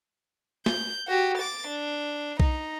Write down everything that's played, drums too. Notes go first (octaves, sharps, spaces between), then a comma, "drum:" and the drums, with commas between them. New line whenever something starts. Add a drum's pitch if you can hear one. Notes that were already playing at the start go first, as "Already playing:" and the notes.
G6, drum: snare
F#4 G4
D6 A6
D4
D#4, drum: kick B1